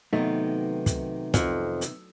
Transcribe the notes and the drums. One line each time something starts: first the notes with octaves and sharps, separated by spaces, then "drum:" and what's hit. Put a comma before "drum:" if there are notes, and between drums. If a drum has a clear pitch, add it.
C3 D#3 F#3 A3 B3 D#4
drum: kick, hi-hat
F2, drum: kick, hi-hat
drum: hi-hat